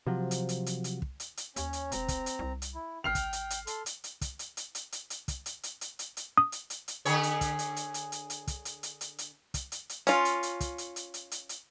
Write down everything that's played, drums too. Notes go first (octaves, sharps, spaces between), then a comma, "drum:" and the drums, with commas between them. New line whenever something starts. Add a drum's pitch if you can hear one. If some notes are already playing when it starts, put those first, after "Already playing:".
C3 F3 F#3
drum: hi-hat
drum: hi-hat
drum: hi-hat
drum: hi-hat
drum: kick
drum: hi-hat
drum: hi-hat
D#2 C#4 C#5, drum: hi-hat
drum: hi-hat
E1 C4 A#5, drum: hi-hat
drum: kick, hi-hat
drum: hi-hat
C2
drum: hi-hat
E4
G#1 G5 F6 C7 F7
drum: kick, hi-hat
drum: hi-hat
drum: hi-hat
A4 C6, drum: hi-hat
drum: hi-hat
drum: hi-hat
drum: kick, hi-hat
drum: hi-hat
drum: hi-hat
drum: hi-hat
drum: hi-hat
drum: hi-hat
drum: kick, hi-hat
drum: hi-hat
drum: hi-hat
drum: hi-hat
drum: hi-hat
drum: hi-hat
D#6
drum: hi-hat
drum: hi-hat
drum: hi-hat
D3 G#4 C#5, drum: hi-hat
drum: hi-hat
drum: kick, hi-hat
drum: hi-hat
drum: hi-hat
drum: hi-hat
drum: hi-hat
drum: hi-hat
drum: kick, hi-hat
drum: hi-hat
drum: hi-hat
drum: hi-hat
drum: hi-hat
drum: kick, hi-hat
drum: hi-hat
drum: hi-hat
C#4 F4, drum: hi-hat
drum: hi-hat
drum: hi-hat
drum: kick, hi-hat
drum: hi-hat
drum: hi-hat
drum: hi-hat
drum: hi-hat
drum: hi-hat